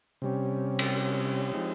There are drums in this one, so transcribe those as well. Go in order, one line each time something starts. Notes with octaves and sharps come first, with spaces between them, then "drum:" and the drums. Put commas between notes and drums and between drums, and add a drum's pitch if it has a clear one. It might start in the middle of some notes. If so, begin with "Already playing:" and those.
C3 G3 C#4
drum: cymbal
F3 G#3 C4 D#4 G4